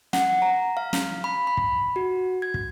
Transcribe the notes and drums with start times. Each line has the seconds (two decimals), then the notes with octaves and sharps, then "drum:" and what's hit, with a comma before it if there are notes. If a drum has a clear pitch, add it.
0.13 F#5, drum: snare
0.42 A#5
0.77 F5
0.93 drum: snare
1.24 B5
1.47 B5
1.57 drum: kick
1.96 F#4
2.42 G#6
2.54 drum: kick